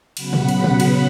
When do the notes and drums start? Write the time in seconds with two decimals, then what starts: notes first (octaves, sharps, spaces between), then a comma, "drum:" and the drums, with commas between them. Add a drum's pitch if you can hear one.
0.17 C#3 F#3 B3 F#5 B5, drum: cymbal
0.33 drum: tom
0.48 drum: cymbal
0.64 drum: tom
0.80 drum: cymbal